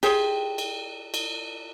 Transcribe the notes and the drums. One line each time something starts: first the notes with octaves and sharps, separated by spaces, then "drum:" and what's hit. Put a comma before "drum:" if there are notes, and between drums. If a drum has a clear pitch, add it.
G4 G#4 C5 G5, drum: cymbal
drum: cymbal
drum: cymbal